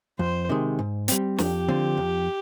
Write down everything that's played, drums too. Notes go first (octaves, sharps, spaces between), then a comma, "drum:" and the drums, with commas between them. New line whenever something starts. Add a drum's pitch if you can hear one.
F2 C5
C3 D#3 G#3
G#2
G3 C4, drum: hi-hat
F2 G4, drum: snare
D3 F3 C4
F2